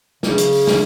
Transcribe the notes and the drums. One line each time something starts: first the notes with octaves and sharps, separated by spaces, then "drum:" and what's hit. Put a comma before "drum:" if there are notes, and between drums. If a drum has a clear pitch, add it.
C#3, drum: snare
drum: hi-hat
drum: open hi-hat
drum: snare